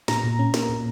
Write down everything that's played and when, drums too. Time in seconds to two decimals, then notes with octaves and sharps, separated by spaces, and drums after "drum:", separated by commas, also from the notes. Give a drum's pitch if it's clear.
0.08 A#2 A#5, drum: snare
0.24 A#2
0.39 C#4
0.54 A#3, drum: snare
0.69 A#2